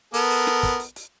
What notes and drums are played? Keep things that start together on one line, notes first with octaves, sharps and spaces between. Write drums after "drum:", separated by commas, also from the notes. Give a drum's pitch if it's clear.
B3 A4 A#4, drum: open hi-hat
drum: open hi-hat
drum: snare
drum: kick, hi-hat
drum: hi-hat
drum: hi-hat